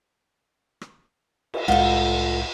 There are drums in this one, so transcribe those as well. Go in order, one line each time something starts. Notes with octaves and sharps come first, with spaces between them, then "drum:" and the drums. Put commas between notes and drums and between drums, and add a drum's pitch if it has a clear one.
drum: rim click
drum: cymbal
C2 A2 G#3 F4 A4 F#5